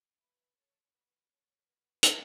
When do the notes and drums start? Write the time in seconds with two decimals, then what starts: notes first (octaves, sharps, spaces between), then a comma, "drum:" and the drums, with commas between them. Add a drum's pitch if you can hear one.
0.19 B4 E5
0.56 A4 C#5
0.93 F#4 B4
1.30 A4 C#5
1.67 F#4 B4
2.03 drum: hi-hat